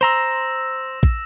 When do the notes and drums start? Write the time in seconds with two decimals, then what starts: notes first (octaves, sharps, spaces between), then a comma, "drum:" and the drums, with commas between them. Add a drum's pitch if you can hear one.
0.01 C5 A#5 C6 E6 A#6 E7
1.03 drum: kick